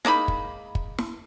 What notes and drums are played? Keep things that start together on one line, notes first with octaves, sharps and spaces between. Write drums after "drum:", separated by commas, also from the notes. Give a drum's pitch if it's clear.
G#3 A#3 D#4 B5, drum: snare
drum: kick
drum: kick
drum: snare